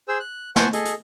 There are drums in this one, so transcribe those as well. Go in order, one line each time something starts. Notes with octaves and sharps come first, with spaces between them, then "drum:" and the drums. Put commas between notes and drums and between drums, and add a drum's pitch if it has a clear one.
G#4 C5 E6
F#6
C5 F#5 G#5 A5 C#6, drum: snare
G#4 A4 D#5, drum: hi-hat
drum: hi-hat